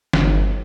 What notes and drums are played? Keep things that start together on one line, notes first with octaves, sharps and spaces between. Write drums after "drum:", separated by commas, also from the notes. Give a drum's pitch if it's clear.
G1, drum: snare